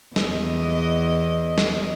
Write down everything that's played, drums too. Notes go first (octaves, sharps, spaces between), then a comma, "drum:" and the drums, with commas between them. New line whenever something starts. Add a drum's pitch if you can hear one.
E2 D#5, drum: snare
drum: snare